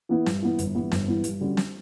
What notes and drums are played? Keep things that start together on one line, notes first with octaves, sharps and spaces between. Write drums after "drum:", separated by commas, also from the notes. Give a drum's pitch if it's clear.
E3 B3 E4
G2, drum: snare
E3 B3 E4
G1, drum: hi-hat
G2 E3 B3 E4
G1, drum: snare
G2 E3 B3 E4
G2, drum: hi-hat
D3 G3 C#4 F#4
drum: snare